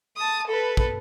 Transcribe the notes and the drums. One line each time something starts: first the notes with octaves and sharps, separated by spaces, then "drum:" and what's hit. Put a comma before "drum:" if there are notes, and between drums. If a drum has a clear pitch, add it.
A5 D#6
A4 B4
drum: kick